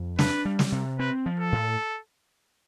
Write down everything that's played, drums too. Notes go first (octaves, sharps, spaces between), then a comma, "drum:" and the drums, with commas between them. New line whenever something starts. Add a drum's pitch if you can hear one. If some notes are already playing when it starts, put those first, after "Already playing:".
Already playing: F2
D4 B4, drum: snare
G3
drum: snare
C3
C4 B4
F3
A4
A2